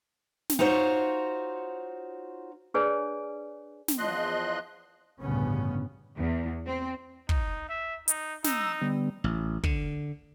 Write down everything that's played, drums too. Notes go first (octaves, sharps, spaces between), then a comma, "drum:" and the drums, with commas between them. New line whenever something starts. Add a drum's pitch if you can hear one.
drum: snare
D#4 F4 F#4 C5 C#5
D4 G#4 B4 C#5 D5 G#5
drum: snare
E2 F3 D#5 C6 F#6
A1 D2 G2 C#3 B3 C#4
E2
C4
D#4, drum: kick
E5
D#4, drum: hi-hat
D#4 A#5 E6, drum: snare
D3 G3 B3
A1
D3, drum: kick